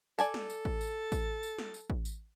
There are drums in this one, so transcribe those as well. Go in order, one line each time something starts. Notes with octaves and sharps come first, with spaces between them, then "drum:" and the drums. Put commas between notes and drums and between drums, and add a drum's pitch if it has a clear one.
A4 D5 G#5 A5, drum: tambourine
drum: snare
drum: tambourine
drum: kick A1
drum: tambourine
drum: kick A1, tambourine
drum: tambourine
drum: snare
drum: tambourine
drum: kick A1
drum: tambourine